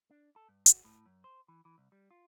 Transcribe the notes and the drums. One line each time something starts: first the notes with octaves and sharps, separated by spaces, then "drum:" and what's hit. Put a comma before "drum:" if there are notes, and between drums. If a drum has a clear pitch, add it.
D4
A4
G2
F#4, drum: hi-hat
A2
F#2
C5
E3
E3
C2
G3
F4